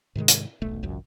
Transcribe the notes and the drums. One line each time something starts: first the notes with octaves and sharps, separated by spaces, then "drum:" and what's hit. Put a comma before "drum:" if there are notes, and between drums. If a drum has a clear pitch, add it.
G#2 C3 D#3 G#3
drum: hi-hat
D#1 B1 A3
G#1 C#2 F#2